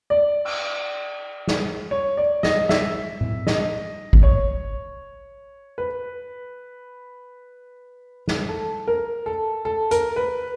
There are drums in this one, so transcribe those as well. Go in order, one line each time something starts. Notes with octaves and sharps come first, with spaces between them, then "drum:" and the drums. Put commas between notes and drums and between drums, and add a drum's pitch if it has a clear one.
D5
drum: cymbal
drum: snare
C#5
D5
D#5, drum: snare
E5, drum: snare
drum: tom A2
D#5, drum: snare
drum: kick G#1
C#5
B4
drum: snare
A4
A#4
A4
A4
A#4, drum: hi-hat
B4